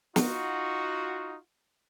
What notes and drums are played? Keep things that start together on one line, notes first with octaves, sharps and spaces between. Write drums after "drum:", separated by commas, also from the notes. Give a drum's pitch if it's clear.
D#4 F4 F#4, drum: snare